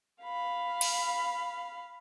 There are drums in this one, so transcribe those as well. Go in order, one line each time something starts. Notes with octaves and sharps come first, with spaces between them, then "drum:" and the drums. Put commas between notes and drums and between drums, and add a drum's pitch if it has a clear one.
F5 B5
drum: cymbal